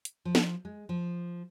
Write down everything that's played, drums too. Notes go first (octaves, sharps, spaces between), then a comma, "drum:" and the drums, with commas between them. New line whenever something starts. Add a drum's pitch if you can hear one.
drum: hi-hat
F3
drum: snare
G#3
F3